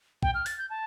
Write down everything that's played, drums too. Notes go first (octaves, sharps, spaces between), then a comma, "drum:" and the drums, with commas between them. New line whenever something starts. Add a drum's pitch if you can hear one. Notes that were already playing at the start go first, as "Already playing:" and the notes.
G5, drum: kick
F6
A6, drum: open hi-hat
G6
A5